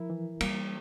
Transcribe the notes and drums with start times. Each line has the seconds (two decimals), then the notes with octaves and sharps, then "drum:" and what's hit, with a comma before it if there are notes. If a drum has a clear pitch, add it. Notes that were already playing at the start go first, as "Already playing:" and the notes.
Already playing: F3 E4 A#4
0.10 E3
0.40 G3 A#3, drum: cymbal